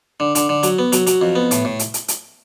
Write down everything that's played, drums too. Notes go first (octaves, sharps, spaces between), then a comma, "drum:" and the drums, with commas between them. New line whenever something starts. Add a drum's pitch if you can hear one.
D3
D3, drum: hi-hat
D3
F#3, drum: hi-hat
B3
F#3, drum: hi-hat
F#3, drum: hi-hat
F2
B3
A2, drum: hi-hat
A2
drum: hi-hat
drum: hi-hat
drum: hi-hat